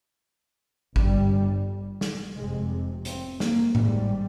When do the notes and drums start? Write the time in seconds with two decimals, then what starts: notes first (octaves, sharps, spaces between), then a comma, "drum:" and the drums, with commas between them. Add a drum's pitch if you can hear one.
0.96 G1 G2 G3, drum: kick G#1
2.01 drum: snare
2.36 F1 F2 C3 G#3
3.05 C4, drum: hi-hat
3.40 A#3, drum: snare
3.75 G#1 G#2 G3, drum: tom A2